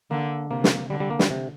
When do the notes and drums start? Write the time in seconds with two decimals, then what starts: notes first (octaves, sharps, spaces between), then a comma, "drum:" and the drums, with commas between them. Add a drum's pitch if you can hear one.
0.11 D3 A#3
0.50 C3 A#3
0.64 drum: snare
0.90 D3 G3
1.00 G3
1.10 A#3
1.19 G3, drum: snare
1.30 C3